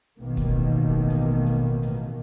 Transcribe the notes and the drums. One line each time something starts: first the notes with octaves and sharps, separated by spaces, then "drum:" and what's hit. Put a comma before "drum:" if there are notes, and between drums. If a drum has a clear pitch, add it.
A1 B2 D#3 A#3 B3
drum: kick E1, hi-hat
drum: hi-hat
drum: hi-hat
drum: hi-hat